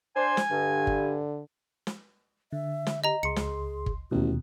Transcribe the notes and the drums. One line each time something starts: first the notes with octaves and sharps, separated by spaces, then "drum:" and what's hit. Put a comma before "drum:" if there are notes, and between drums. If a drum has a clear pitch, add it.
D4 C5 G#5
drum: snare
G2 D3
drum: kick G1
drum: snare
D3 E5
drum: snare
G4 D#5 A#5
C#2 G#4 C6 C#7
drum: snare
drum: kick G1
A1 D#2 B2 F#4